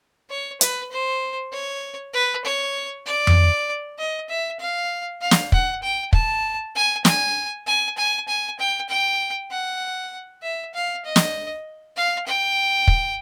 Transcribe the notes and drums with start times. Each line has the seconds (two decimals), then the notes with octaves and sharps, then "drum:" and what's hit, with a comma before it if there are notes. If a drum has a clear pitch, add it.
0.30 C#5
0.61 B4, drum: hi-hat
0.92 C5
1.52 C#5
2.13 B4
2.45 C#5
3.06 D5
3.27 drum: tom F2
3.98 D#5
4.29 E5
4.60 F5
5.21 F5
5.31 drum: snare
5.52 F#5, drum: kick
5.82 G5
6.13 A5, drum: kick
6.75 G#5
7.05 G#5, drum: snare
7.67 G#5
7.97 G#5
8.28 G#5
8.59 G5
8.89 G5
9.51 F#5
10.43 E5
10.74 F5
11.05 D#5
11.16 drum: snare
11.96 F5
12.27 G5
12.88 drum: kick